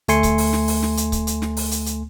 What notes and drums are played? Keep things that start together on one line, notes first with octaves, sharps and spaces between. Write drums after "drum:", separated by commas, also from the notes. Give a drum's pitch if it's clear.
D2 A3 G#5 C6 C#7, drum: hi-hat
drum: kick C#1, hi-hat
drum: open hi-hat
drum: snare
drum: open hi-hat
drum: snare
drum: hi-hat
drum: kick C#1, hi-hat
drum: hi-hat
drum: snare
drum: open hi-hat
drum: hi-hat
drum: hi-hat